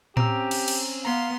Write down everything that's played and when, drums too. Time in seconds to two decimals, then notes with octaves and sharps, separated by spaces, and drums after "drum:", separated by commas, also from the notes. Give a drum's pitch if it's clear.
0.17 C4 C#4 G4 A#5 E6, drum: tom A2
0.51 drum: cymbal
0.68 drum: cymbal
1.05 B3 F5 A#5 C6